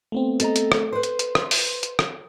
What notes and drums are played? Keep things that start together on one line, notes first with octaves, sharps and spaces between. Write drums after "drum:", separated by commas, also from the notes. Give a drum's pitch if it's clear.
A3 B3 C4
A4 D#5 A#5, drum: hi-hat
drum: hi-hat
drum: rim click
B4 C5 C6
drum: hi-hat
drum: hi-hat
drum: rim click
drum: open hi-hat
drum: hi-hat
drum: rim click